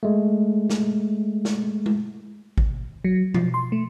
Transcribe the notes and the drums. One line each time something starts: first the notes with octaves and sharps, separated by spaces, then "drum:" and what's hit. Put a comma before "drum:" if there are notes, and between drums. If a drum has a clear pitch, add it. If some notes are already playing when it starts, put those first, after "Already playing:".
G#3 A3
drum: snare
drum: snare
drum: tom G#3
drum: kick G#1
F#3
F3, drum: tom B2
C6
A3